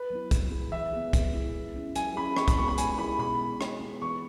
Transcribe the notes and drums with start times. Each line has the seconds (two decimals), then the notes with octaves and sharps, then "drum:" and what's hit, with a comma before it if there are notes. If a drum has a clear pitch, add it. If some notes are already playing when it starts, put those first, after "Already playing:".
Already playing: B4
0.10 F#3 B3 E4
0.31 G#3, drum: kick, hi-hat
0.51 E4 G#4
0.72 E3 E5
0.93 B3 G#4
1.13 G#3, drum: kick, hi-hat
1.34 E4 G#4
1.55 E3
1.76 C#4 E4
1.95 F#3 G#5, drum: hi-hat
2.16 C#4 E4 G#4 B5
2.37 E3 C#6, drum: rim click
2.48 B5, drum: kick, hi-hat
2.57 G#3 B3 G#4 C#6
2.68 B5
2.78 G#3 G#5, drum: hi-hat
2.98 E4 G#4 B5
3.19 B2 B5
3.40 G#3 E4
3.61 G#3, drum: rim click
3.81 B3 G#4
4.02 E3 C#6